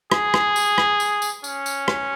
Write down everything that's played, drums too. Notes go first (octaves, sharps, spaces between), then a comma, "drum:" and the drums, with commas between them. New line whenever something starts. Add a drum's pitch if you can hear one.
G#4, drum: rim click
drum: rim click
drum: tambourine
drum: rim click
drum: tambourine
drum: tambourine
C#4, drum: tambourine
drum: tambourine
drum: rim click